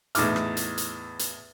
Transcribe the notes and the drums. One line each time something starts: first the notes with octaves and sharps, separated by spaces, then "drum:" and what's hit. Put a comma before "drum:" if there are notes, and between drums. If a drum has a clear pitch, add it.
E2 A2 D#4 D6 F6, drum: hi-hat
drum: rim click
drum: hi-hat
drum: hi-hat
drum: hi-hat